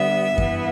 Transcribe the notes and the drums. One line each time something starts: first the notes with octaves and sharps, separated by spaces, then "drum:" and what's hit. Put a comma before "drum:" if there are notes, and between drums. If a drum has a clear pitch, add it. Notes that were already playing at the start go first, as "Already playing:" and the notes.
Already playing: D3 G3 B3 E5
G2 E3 B3 E4, drum: kick F#2